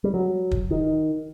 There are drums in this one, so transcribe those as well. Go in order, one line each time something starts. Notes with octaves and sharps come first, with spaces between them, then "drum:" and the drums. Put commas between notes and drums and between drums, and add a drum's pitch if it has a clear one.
G3
F#3
drum: kick
D#3